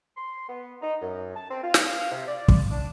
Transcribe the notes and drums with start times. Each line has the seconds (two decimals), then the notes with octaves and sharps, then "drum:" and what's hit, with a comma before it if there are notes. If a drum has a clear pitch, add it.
0.17 C6
0.48 B3
0.81 D#4
1.02 F#2
1.36 A5
1.50 C4
1.63 F4
1.74 drum: snare
1.84 F5
2.11 C3
2.28 D5
2.48 drum: kick
2.71 D4